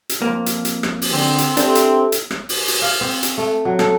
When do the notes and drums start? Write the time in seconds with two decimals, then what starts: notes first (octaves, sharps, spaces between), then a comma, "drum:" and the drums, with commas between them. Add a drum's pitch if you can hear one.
0.09 drum: hi-hat
0.22 F2 A#3
0.46 drum: hi-hat
0.65 drum: hi-hat
0.83 drum: rim click
1.02 drum: open hi-hat
1.11 D3 C4
1.38 drum: hi-hat
1.57 C4 D4 E4 G4 A4 C5, drum: hi-hat
1.75 drum: hi-hat
2.12 drum: hi-hat
2.31 drum: rim click
2.49 drum: open hi-hat
2.67 drum: open hi-hat
2.82 F5
3.01 C4
3.23 drum: hi-hat
3.38 A3
3.65 F#3
3.79 A4, drum: rim click